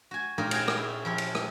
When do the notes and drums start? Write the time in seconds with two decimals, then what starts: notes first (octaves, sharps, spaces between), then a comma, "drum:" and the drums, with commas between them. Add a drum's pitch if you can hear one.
0.11 F#4 G#5
0.38 A#2 A#3 D#4 F4 G4 A#4
0.51 C#4 F#4 G#4 G5, drum: cymbal
0.68 drum: rim click
0.77 E4
1.05 F3 E4 G4
1.18 drum: cymbal
1.35 drum: rim click